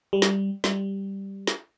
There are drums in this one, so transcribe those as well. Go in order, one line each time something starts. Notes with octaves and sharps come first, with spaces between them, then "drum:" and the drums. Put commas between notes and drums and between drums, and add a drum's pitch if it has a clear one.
G3
drum: snare
G3, drum: snare
drum: snare